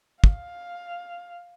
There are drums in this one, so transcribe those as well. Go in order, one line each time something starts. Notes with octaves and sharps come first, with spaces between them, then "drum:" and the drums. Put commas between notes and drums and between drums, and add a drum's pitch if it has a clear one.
F5, drum: kick